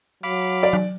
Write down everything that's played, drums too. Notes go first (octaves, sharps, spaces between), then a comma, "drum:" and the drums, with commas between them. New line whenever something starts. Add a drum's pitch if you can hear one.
F#3 F5 B5 D6
D5
drum: tom F#3